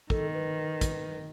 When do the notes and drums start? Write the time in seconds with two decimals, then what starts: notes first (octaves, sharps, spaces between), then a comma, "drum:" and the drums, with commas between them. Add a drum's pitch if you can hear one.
0.10 D#3 A4, drum: kick
0.35 B4
0.81 drum: kick, hi-hat